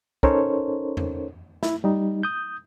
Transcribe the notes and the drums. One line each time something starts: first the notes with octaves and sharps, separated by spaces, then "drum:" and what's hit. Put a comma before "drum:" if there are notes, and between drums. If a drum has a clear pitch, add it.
C#4 D#4 A4 A#4 C5 C#5, drum: kick
drum: tom E2
E4, drum: snare
G3 D#4
D#6 G6